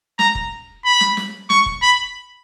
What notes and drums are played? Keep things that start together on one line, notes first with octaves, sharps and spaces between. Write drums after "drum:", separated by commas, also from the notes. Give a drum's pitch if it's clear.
A#5, drum: snare
drum: kick F1
B5
drum: snare
drum: snare
C#6, drum: snare
drum: kick F1
B5